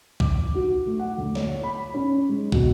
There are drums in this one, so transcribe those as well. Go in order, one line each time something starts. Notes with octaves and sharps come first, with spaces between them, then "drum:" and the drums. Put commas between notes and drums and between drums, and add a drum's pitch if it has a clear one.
D6, drum: kick
F#4
A3
F#5
D2
C#5, drum: snare
B5
C#4
G#3
B2, drum: kick